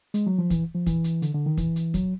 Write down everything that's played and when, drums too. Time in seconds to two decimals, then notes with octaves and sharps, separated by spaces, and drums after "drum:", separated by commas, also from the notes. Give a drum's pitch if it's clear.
0.14 G#3, drum: hi-hat
0.27 F#3
0.39 F3
0.50 E3, drum: kick, hi-hat
0.74 F3
0.87 E3, drum: kick, hi-hat
1.04 drum: hi-hat
1.22 D3, drum: hi-hat
1.34 D3
1.46 D#3
1.58 E3, drum: kick, hi-hat
1.76 drum: hi-hat
1.94 F#3, drum: kick, hi-hat